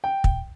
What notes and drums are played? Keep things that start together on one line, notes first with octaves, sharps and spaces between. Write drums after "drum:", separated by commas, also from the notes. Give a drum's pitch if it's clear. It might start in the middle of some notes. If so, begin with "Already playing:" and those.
G5
drum: kick